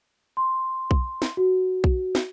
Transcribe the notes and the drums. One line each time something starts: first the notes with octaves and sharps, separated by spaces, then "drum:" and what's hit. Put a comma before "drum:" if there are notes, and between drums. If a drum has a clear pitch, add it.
C6
drum: kick B1
drum: snare
F#4
drum: kick B1
drum: snare